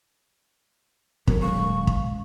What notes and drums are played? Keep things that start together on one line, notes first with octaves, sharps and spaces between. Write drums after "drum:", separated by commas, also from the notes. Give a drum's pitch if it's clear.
D#1 F#3 B3 A#4, drum: kick
G#3 C#4 F5 C#6
drum: kick